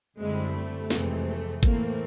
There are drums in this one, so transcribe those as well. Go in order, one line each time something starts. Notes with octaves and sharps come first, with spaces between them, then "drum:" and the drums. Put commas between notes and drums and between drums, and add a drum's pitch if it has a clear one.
F#2 D3 G3 G#3 C4 E4
A3
F2 C3 E3 G#3 C4, drum: snare
A3
A2 E3 A3 A#3 C4, drum: kick